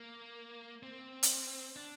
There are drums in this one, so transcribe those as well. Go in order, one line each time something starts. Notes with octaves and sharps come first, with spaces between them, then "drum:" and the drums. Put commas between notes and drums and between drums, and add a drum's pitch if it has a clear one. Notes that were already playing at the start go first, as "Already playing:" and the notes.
Already playing: A#3
C4
drum: hi-hat
D4